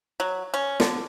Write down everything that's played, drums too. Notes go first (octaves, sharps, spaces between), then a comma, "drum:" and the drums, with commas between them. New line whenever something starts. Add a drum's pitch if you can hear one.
F#3
C#4
D3, drum: snare